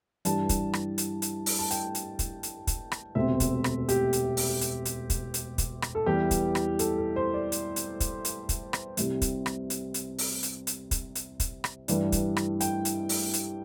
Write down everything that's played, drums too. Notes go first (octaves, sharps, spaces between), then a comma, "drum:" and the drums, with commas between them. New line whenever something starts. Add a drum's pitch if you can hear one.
G2 E3 G3 D4 A5, drum: hi-hat
drum: kick, hi-hat
drum: rim click
drum: hi-hat
drum: hi-hat
drum: open hi-hat
A5
G5, drum: hi-hat
drum: hi-hat
drum: kick, hi-hat
drum: hi-hat
drum: kick, hi-hat
drum: rim click
E1 D2 C3 A3 C4 E5
drum: kick, hi-hat
drum: rim click
G4, drum: hi-hat
drum: hi-hat
drum: open hi-hat
drum: hi-hat
drum: hi-hat
drum: kick, hi-hat
drum: hi-hat
drum: kick, hi-hat
drum: rim click
A4
E2 E3 G3 G4
drum: kick, hi-hat
drum: rim click
A4, drum: hi-hat
A4
C5
D5
drum: hi-hat
drum: hi-hat
drum: kick, hi-hat
drum: hi-hat
drum: kick, hi-hat
drum: rim click
C2 C3 G3, drum: hi-hat
drum: kick, hi-hat
drum: rim click
drum: hi-hat
drum: hi-hat
drum: open hi-hat
drum: hi-hat
drum: hi-hat
drum: kick, hi-hat
drum: hi-hat
drum: kick, hi-hat
drum: rim click
G2 E3 G3 D4, drum: hi-hat
drum: kick, hi-hat
drum: rim click
G5, drum: hi-hat
drum: hi-hat
drum: open hi-hat
drum: hi-hat